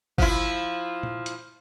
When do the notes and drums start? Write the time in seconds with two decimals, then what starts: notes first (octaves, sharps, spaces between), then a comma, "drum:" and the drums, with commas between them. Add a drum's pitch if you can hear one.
0.18 F3 E4, drum: kick G1
1.03 drum: tom
1.26 drum: hi-hat